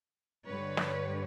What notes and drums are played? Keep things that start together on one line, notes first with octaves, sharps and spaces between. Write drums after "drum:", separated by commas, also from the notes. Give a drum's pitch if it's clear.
G2 D3 G3 B4 C#5
drum: snare